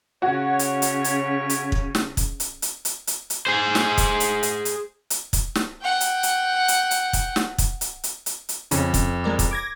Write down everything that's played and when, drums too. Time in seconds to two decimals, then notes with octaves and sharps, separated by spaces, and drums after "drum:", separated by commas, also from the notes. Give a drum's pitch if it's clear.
0.22 C#3 F#4 C#5
0.59 drum: hi-hat
0.82 drum: hi-hat
1.04 drum: hi-hat
1.49 drum: hi-hat
1.72 drum: kick
1.95 drum: snare
2.17 drum: kick, hi-hat
2.40 drum: hi-hat
2.62 drum: hi-hat
2.85 drum: hi-hat
3.07 drum: hi-hat
3.30 drum: hi-hat
3.47 G#4 C5
3.75 drum: snare
3.98 drum: kick, hi-hat
4.20 drum: hi-hat
4.43 drum: hi-hat
4.65 drum: hi-hat
5.10 drum: hi-hat
5.33 drum: kick, hi-hat
5.55 drum: snare
5.82 F#5 G5
6.01 drum: hi-hat
6.23 drum: hi-hat
6.68 drum: hi-hat
6.91 drum: hi-hat
7.13 drum: kick, hi-hat
7.36 drum: snare
7.58 drum: kick, hi-hat
7.81 drum: hi-hat
8.04 drum: hi-hat
8.26 drum: hi-hat
8.49 drum: hi-hat
8.71 F2 C#3 C#4, drum: hi-hat
8.94 drum: kick, hi-hat
9.24 G#3 A#4 D5
9.39 drum: kick, hi-hat
9.51 D6 G#6 A#6